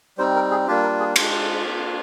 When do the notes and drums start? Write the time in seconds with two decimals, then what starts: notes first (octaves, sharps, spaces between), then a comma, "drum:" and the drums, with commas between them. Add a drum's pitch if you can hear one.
0.18 G3 C4 D#4 C5
0.35 A#4
0.51 G#4
0.67 G3 A#3 D4 F4 G4
0.83 A#4
1.00 G#4
1.16 G#3 D4 F4 G4, drum: cymbal
1.65 A#3 D4 F4